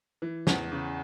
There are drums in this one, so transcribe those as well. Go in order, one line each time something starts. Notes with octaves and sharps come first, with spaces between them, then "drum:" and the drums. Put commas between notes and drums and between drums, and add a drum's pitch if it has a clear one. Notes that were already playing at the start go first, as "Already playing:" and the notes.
E3
E2, drum: snare
C#3